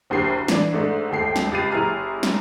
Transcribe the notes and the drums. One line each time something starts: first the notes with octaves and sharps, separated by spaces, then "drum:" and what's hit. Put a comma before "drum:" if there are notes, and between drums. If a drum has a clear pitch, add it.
F#1 D2 G4 A#4 C7
E3 D4, drum: snare
G#2 A3 D4
G#1 D#2 A3 G5 C7
drum: snare
C#2 G4 A6 C7 D#7
F#1 E4 G4 G#4 A#5 F6
drum: snare